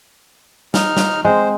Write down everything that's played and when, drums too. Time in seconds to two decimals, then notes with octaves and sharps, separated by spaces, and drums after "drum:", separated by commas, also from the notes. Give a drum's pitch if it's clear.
0.74 D#4 F6, drum: snare
0.97 drum: snare
1.25 G#3 C4 C5